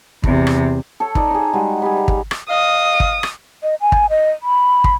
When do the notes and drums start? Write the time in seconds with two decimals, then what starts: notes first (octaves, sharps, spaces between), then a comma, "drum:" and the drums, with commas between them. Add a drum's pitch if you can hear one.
0.24 E2 C3, drum: kick
0.47 drum: rim click
1.00 A4 C#5
1.15 D#4 D5 D#5, drum: kick
1.31 D#4 G#4
1.54 G3 G#3 F#4
1.82 G3 G#4
1.97 A#5
2.08 drum: kick
2.31 drum: rim click
2.50 D#5 F5 D#6
3.00 drum: kick
3.23 drum: rim click
3.63 D#5
3.81 G#5
3.92 drum: kick
4.10 D#5
4.43 B5
4.84 drum: kick